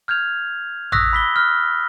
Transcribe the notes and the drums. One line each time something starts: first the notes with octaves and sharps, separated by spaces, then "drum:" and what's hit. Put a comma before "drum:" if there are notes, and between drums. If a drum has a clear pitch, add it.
F6 G6 G#6 F7
C#6 D#6 E6 F#6 A#6 B6, drum: tom A1
B5 B6 G7
F6 F#6